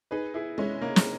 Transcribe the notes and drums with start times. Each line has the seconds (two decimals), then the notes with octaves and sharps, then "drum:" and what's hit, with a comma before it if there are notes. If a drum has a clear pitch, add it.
0.11 D#4 G#4 B4
0.34 E4 G#4
0.58 G#3 C#4 E4
0.81 A#3 C#4
0.96 drum: snare